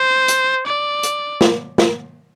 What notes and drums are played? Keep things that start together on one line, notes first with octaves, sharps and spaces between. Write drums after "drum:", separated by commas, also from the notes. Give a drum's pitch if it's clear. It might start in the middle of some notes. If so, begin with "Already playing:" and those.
Already playing: C5
drum: hi-hat
D5
drum: hi-hat
drum: snare
drum: snare